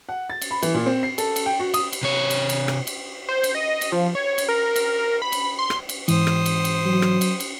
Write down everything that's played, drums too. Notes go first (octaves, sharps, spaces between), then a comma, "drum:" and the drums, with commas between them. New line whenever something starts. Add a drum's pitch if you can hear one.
F#5
A6
drum: cymbal
B5
E3, drum: cymbal
A#2
C4
C7
A4, drum: cymbal
drum: cymbal
G5
F#4
D#6, drum: cymbal
drum: cymbal
C3 C#5
drum: cymbal
drum: cymbal
drum: rim click
drum: cymbal
C5
drum: cymbal
D#5
drum: cymbal
F3
C#5
drum: cymbal
A#4
drum: cymbal
A#4
B5
drum: cymbal
C6
drum: rim click
drum: cymbal
G#2 E3 C5 D#6, drum: cymbal
drum: rim click
drum: cymbal
drum: cymbal
F#3
drum: rim click
drum: cymbal
drum: cymbal